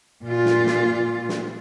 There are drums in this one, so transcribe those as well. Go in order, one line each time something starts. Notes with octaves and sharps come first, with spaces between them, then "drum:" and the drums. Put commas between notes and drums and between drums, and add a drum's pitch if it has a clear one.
A#2 F4
drum: snare
drum: snare
drum: snare